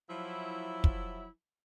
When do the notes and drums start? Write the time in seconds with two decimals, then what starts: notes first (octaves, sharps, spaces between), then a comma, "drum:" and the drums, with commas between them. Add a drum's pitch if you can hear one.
0.10 F3 F#3 E4
0.84 drum: kick